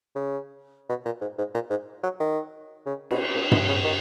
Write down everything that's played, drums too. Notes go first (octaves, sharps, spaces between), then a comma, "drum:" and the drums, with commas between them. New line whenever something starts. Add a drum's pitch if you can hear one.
C#3
B2
A#2
G#2
G#2
A#2
G#2
F#3
D#3
C#3
B2, drum: cymbal
A#2
B2, drum: tom G2
C#3
D#3